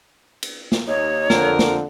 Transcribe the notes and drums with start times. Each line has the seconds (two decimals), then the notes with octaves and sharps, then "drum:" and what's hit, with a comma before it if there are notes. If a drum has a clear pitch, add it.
0.43 drum: cymbal
0.72 drum: snare
0.87 D#2 D#4 C#5
1.30 F2 D3 A#4, drum: snare
1.59 drum: snare